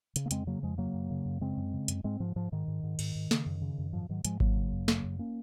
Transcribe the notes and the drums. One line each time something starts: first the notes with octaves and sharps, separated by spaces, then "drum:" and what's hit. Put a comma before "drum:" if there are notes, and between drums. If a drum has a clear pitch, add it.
C#3, drum: hi-hat
A#3
F2 G#3 C4, drum: hi-hat
C#3 F#3 A#3
F2 F3 G#3
C#3 F#3 A#3
F#2
C#3
F#2
C#3 G#3 C4
F#2
C#3
F#2, drum: hi-hat
G#2 G#3 C4
G#2 F3
G#2 F3
G#2 D#3
G#2
G#2
G#2, drum: cymbal
G#2
C#3, drum: snare
F#2
C#3
F#2
G#2 F3
G#2 D#3 F#3
G#2 F3 G#3, drum: hi-hat
G#2 F#3 A#3, drum: kick G#1
C#3
F#2
C#3, drum: snare
F#2
A#3 C#4